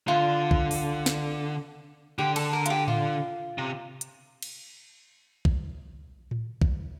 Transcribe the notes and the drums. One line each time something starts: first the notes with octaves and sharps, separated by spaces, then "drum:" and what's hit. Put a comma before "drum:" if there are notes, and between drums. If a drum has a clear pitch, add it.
D3 F4
drum: kick B1
drum: open hi-hat
drum: snare
D3 G4
A4, drum: cymbal
A#4
F4, drum: hi-hat
G4
F4, drum: tom A2
C3
drum: hi-hat
drum: cymbal
drum: kick B1
drum: tom A2
drum: kick B1